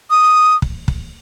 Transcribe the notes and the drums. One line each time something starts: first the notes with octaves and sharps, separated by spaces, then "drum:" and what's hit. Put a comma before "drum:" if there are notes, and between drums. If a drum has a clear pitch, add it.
D#6
drum: kick
drum: kick